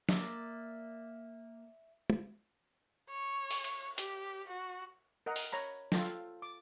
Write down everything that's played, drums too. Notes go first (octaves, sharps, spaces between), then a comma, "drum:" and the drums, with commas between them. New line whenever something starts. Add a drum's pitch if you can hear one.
A#3 D5 E5, drum: snare
drum: tom
C#5
drum: open hi-hat
drum: cymbal
G4, drum: hi-hat
F#4
A#4 D#5 F#5 A#5
drum: open hi-hat
C#5 A#5 B5
F4 A4 G5, drum: snare
D6